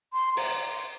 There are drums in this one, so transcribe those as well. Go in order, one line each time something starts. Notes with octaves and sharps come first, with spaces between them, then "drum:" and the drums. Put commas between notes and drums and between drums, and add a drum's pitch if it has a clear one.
C6
A#5, drum: open hi-hat